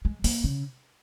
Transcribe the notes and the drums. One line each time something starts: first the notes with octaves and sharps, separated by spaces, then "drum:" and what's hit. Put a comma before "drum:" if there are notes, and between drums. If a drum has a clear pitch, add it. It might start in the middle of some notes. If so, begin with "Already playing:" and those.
G#3
A#3, drum: open hi-hat
C#3